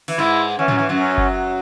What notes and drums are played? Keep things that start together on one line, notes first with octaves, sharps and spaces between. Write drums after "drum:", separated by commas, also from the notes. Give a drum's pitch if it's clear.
E3, drum: open hi-hat
G#2 G#3 E4
E3 C#4
F#2 F#3, drum: tom
E3
F#2 F#3
C#4
drum: kick F#1